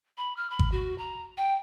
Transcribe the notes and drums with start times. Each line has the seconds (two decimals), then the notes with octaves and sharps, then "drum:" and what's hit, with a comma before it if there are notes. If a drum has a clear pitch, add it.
0.17 B5
0.37 F6
0.50 B5
0.59 drum: kick G#1
0.72 F#4
0.98 A#5
1.38 G5